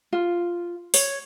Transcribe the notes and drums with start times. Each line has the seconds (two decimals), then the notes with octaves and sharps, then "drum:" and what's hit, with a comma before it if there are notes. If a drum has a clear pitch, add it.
0.13 F4
0.94 C#5, drum: open hi-hat